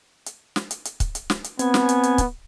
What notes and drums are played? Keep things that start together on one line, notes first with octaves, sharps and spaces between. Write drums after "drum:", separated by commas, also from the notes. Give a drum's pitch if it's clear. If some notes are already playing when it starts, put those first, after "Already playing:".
drum: hi-hat
drum: snare
drum: hi-hat
drum: hi-hat
drum: kick C#1, hi-hat
drum: hi-hat
drum: snare
drum: hi-hat
B3 C4 G#5, drum: hi-hat
drum: snare
drum: hi-hat
drum: hi-hat
drum: kick C#1, hi-hat